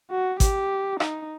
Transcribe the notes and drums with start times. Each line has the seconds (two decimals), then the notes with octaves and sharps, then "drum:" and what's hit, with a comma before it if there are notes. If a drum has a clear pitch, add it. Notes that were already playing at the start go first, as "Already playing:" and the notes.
0.10 F#4
0.40 G4, drum: kick, hi-hat
1.00 D#4, drum: rim click